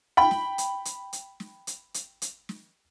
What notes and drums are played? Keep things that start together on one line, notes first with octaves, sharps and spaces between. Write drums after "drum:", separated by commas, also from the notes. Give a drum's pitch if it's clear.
G5 B5
drum: snare
drum: hi-hat
drum: hi-hat
drum: hi-hat
drum: snare
drum: hi-hat
drum: hi-hat
drum: hi-hat
drum: snare